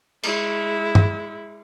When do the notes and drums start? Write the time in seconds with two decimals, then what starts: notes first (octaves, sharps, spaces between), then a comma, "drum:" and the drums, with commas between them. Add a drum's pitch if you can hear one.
0.23 G#3 E4, drum: cymbal
0.95 drum: tom G2